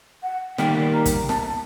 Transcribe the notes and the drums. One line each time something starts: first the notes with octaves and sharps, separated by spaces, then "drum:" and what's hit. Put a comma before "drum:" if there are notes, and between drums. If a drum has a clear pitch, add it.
F#5
D#3 G3 A#3 G5, drum: snare
A#5
drum: kick, hi-hat
A5, drum: snare